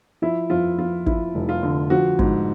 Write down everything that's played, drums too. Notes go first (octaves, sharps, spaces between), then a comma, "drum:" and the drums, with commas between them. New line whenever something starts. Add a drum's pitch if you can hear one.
F3 E4
F2 F4
F3 F4
F3 E4, drum: kick
F1
F4
D3
F3 F#4
G#2, drum: kick